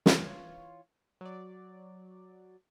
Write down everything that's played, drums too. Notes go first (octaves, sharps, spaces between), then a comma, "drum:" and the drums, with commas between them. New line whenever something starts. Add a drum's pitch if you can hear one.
E3 F4 C#5, drum: snare
F#3 D5